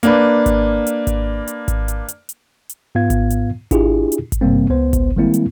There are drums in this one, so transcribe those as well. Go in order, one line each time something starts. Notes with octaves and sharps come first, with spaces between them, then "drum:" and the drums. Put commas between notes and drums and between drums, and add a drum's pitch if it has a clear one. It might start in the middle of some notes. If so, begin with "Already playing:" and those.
A#3 D4 B4, drum: hi-hat
drum: kick G#1, hi-hat
drum: hi-hat
drum: kick G#1, hi-hat
drum: hi-hat
drum: kick G#1, hi-hat
drum: hi-hat
drum: hi-hat
drum: hi-hat
drum: hi-hat
G#2 B3 F4 F5 G#6
drum: kick G#1, hi-hat
drum: hi-hat
D4 E4 F4 G4 G#4, drum: kick G#1, hi-hat
drum: hi-hat
drum: kick G#1, hi-hat
G2 C3 G3 A#3 C4
C#2 B3 C5
drum: kick G#1, hi-hat
D#3 G3 G#3 A#3 C4 E4
drum: hi-hat